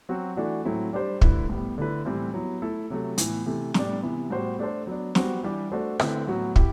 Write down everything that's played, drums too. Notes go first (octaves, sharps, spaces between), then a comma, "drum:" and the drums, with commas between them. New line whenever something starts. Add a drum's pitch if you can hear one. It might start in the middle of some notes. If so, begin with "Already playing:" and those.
F#3 C4 F#4
E3 A3 D4 F#4
A2 F#3 A3 C4 E4
G3 D4 G4 C5
D3 A3 E4 B4, drum: kick
A2 G3 B3
D3 A3 E4 B4
A2 E3 G3 C4 E4
F#3 B3 E4
A3 E4 A4
C3 F#3 A3
A2 E3 B3, drum: hi-hat
C3 E3 A3
A2 G3 B3 D4, drum: snare
C3 E3 B3
A2 G3 B3 F#4 C5
A3 D4 A4 C5
F#3 B3 D4
G3 B3 F#4 C5, drum: snare
E3 G3 D4 G4
A3 D4 F#4 A4 C5
D3 A3 C4 E4 B4, drum: rim click
A2 F#3 B3 F#4
E4 G4, drum: kick